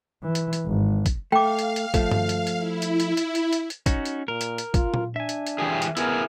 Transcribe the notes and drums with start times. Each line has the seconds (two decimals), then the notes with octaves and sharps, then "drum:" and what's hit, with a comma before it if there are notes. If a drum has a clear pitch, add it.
0.23 E3
0.35 drum: hi-hat
0.53 drum: hi-hat
0.66 G#1
1.06 drum: kick, hi-hat
1.32 A3 F5 G5 D6
1.59 drum: hi-hat
1.76 drum: hi-hat
1.94 F3 A3, drum: kick, hi-hat
2.11 drum: tom G2
2.29 drum: hi-hat
2.47 drum: hi-hat
2.57 E4
2.82 drum: hi-hat
3.00 drum: hi-hat
3.17 drum: hi-hat
3.35 drum: hi-hat
3.53 drum: hi-hat
3.70 drum: hi-hat
3.86 C#4 D#4 F#4, drum: kick, hi-hat
4.05 drum: hi-hat
4.28 A#2 A#4
4.41 drum: hi-hat
4.58 drum: hi-hat
4.74 F4, drum: kick, hi-hat
4.94 drum: tom A#2
5.16 D4 E5 G#5
5.29 drum: hi-hat
5.47 drum: hi-hat
5.58 E3 G4 G#4
5.82 drum: hi-hat
5.97 B3 E4 G#4 A#4, drum: hi-hat